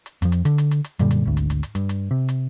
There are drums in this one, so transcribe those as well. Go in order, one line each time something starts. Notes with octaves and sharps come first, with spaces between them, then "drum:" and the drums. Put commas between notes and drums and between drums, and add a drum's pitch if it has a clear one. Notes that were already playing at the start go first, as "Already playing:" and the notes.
drum: hi-hat
F2 F3, drum: hi-hat
drum: hi-hat
D3, drum: hi-hat
drum: hi-hat
drum: hi-hat
drum: hi-hat
F#2 A#2 D3 G3, drum: hi-hat
drum: hi-hat
G#1 D2
drum: hi-hat
drum: hi-hat
drum: hi-hat
G2, drum: hi-hat
drum: hi-hat
C3
drum: hi-hat